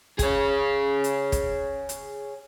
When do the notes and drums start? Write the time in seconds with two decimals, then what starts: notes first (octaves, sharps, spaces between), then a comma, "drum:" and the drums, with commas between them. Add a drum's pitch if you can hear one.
0.19 G#4 C#5, drum: kick, hi-hat
1.04 drum: hi-hat
1.32 drum: kick, hi-hat
1.89 drum: hi-hat